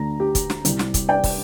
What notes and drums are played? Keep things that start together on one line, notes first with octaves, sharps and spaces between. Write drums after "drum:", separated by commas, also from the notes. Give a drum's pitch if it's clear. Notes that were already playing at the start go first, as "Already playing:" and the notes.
Already playing: D2 D3 A#5
G4
drum: kick, hi-hat
drum: snare
C2 C3, drum: hi-hat
drum: snare
drum: kick, hi-hat
D5 G5
drum: kick, open hi-hat